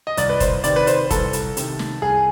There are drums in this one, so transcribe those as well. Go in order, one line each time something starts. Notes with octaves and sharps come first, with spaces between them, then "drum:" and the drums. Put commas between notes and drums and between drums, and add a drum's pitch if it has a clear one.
D#5
C2 D5, drum: hi-hat
B4
C5, drum: kick, hi-hat
C3 D#3 D5, drum: hi-hat
B4
C5, drum: hi-hat
C2 A4, drum: kick, hi-hat
drum: hi-hat
C3 D#3, drum: hi-hat
drum: snare
C2 G#4